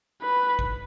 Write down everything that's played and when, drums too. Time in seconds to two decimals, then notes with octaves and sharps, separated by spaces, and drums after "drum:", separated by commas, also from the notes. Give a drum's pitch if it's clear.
0.22 B4
0.59 drum: kick